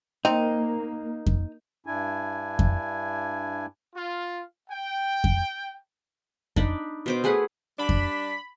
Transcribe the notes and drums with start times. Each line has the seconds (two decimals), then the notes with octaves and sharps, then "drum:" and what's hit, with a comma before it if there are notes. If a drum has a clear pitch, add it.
0.25 A#3 C4 D#4
1.26 drum: kick F2
1.86 G2 D4 E4 G#5
2.59 drum: kick F2
3.95 F4
4.70 G5
5.24 drum: kick F2
6.56 D4 D#4 D5 B5, drum: kick F2
7.06 B2 C5 D6
7.24 A3 G#4 B4 F#5
7.79 G3 D4 B5
7.89 drum: kick F2